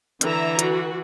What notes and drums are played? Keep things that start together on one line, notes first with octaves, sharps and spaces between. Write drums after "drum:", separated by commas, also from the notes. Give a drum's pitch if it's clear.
D3 E3 E5 A#5, drum: hi-hat
F#4, drum: hi-hat